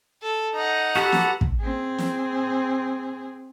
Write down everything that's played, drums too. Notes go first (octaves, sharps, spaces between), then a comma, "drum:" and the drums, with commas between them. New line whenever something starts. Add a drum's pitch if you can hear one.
A4
D#4 F#5 A#5
F#4 G4 A4 B4
drum: snare
drum: kick
C4 G#4
drum: snare